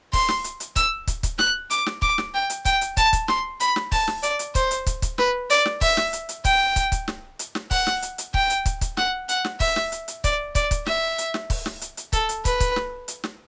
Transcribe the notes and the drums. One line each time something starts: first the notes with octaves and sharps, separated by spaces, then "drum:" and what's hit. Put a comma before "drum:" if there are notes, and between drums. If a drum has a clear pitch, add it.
C6, drum: kick, open hi-hat
drum: snare
drum: hi-hat
drum: hi-hat
E6, drum: kick, hi-hat
drum: kick, hi-hat
drum: kick, hi-hat
F#6, drum: snare
D6, drum: hi-hat
drum: snare
D6, drum: kick
drum: snare
G5
drum: hi-hat
G5, drum: kick, hi-hat
drum: hi-hat
A5, drum: kick, hi-hat
drum: kick, hi-hat
C6, drum: snare
B5, drum: hi-hat
drum: snare
A5, drum: kick, open hi-hat
drum: snare
D5, drum: hi-hat
drum: hi-hat
C5, drum: kick, hi-hat
drum: hi-hat
drum: kick, hi-hat
drum: kick, hi-hat
B4, drum: snare
D5, drum: hi-hat
drum: snare
E5, drum: kick, open hi-hat
drum: snare
drum: hi-hat
drum: hi-hat
G5, drum: kick, hi-hat
drum: kick, hi-hat
drum: kick, hi-hat
drum: snare
drum: hi-hat
drum: snare
F#5, drum: kick, open hi-hat
drum: snare
drum: hi-hat
drum: hi-hat
G5, drum: kick
drum: hi-hat
drum: kick, hi-hat
drum: kick, hi-hat
F#5, drum: snare
F#5, drum: hi-hat
drum: snare
E5, drum: kick, open hi-hat
drum: snare
drum: hi-hat
drum: hi-hat
D5, drum: kick, hi-hat
D5, drum: kick, hi-hat
drum: kick, hi-hat
E5, drum: snare
drum: hi-hat
drum: snare
drum: kick, open hi-hat
drum: snare
drum: hi-hat
drum: hi-hat
A4, drum: kick, hi-hat
drum: hi-hat
B4, drum: kick, hi-hat
drum: kick, hi-hat
drum: snare
drum: hi-hat
drum: snare